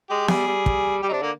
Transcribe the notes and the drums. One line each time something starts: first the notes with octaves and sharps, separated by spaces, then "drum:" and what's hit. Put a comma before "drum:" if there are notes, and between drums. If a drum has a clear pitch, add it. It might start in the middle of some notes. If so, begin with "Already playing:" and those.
G#3 G4
G3 G#4, drum: snare B3
G3
drum: kick
G3 G4
D#4
C3 D4
D3 A#3